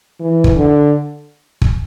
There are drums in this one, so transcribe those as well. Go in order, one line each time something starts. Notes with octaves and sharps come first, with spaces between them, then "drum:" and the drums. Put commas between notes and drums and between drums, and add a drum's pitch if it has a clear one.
E3
drum: kick
D3
drum: kick